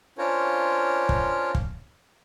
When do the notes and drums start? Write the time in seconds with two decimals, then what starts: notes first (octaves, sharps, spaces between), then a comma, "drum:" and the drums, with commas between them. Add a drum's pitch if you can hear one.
0.18 C#4 D4 F4 A#4 C5 C#5
1.09 drum: kick
1.55 drum: kick